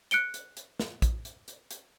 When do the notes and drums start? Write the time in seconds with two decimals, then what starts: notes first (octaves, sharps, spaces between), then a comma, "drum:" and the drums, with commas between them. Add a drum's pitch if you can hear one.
0.11 F#6 C#7 D7 G7, drum: hi-hat
0.34 drum: hi-hat
0.57 drum: hi-hat
0.79 drum: snare
1.02 drum: kick, hi-hat
1.25 drum: hi-hat
1.48 drum: hi-hat
1.71 drum: hi-hat